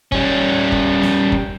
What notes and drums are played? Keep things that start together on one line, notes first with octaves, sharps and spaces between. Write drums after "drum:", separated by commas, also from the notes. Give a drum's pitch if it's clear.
G3 C#4, drum: kick
drum: kick
drum: snare B3
drum: kick